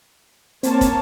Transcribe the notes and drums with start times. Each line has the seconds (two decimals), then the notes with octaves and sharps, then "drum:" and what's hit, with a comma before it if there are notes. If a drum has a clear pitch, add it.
0.63 A#3 C4 C#5 A5, drum: hi-hat
0.81 drum: kick, hi-hat